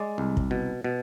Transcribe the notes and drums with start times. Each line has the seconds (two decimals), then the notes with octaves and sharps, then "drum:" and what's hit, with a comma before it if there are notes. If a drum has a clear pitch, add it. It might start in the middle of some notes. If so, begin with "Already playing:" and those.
Already playing: G#3 D5
0.18 C2
0.37 drum: kick
0.51 B2
0.84 B2